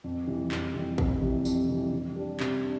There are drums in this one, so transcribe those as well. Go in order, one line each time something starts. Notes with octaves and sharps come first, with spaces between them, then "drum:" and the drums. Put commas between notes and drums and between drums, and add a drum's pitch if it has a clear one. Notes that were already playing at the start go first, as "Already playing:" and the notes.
F2
C3 E3 G3
F2, drum: clap
C3 E3 G3
F2, drum: kick
C3 E3 G3
F2, drum: tambourine
C3 E3 G3
C3
G3 D4
C3, drum: clap
D4